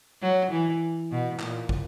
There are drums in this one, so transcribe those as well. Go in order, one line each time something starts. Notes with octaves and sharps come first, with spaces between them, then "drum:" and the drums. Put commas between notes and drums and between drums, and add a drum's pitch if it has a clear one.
F#3
E3
B2
A#2, drum: clap
drum: kick